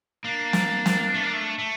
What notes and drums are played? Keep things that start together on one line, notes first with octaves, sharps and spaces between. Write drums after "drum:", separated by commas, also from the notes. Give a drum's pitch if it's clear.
A#3 D4
drum: snare
drum: snare
A3
A#3
A3
A3